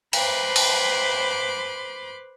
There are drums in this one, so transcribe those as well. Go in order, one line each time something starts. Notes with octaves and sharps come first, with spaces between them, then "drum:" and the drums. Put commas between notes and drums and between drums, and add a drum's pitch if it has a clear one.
B4 C5 B5 C6 D6, drum: cymbal
drum: cymbal